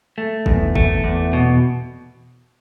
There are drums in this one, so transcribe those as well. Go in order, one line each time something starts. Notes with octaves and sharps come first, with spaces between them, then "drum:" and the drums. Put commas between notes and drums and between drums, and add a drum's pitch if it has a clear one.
A3
E2, drum: kick
A3, drum: kick
E2
B2